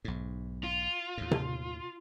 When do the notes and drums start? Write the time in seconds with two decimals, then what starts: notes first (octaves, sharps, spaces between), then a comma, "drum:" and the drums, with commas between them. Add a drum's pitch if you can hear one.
0.05 B1 G#2
0.64 F4
1.18 D#2 A2
1.31 drum: tom C3